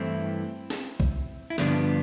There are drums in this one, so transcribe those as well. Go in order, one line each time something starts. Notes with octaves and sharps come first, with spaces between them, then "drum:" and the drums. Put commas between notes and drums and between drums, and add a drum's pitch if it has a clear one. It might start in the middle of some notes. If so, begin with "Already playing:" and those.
Already playing: G2 E3 A3 C4 E4
drum: snare C4
drum: kick B1
E4
G2 D3 F3 B3 D4, drum: snare C4